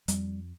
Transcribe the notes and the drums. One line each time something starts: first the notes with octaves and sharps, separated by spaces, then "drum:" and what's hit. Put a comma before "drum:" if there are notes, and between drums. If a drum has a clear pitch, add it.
F2 G3, drum: hi-hat